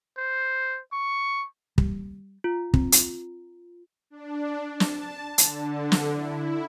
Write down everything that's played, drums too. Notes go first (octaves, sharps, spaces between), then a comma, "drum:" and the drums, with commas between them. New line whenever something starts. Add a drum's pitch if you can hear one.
C5
C#6
G3, drum: kick
F4
C4, drum: kick
drum: hi-hat
D4
A5, drum: snare
D3, drum: hi-hat
drum: snare
E4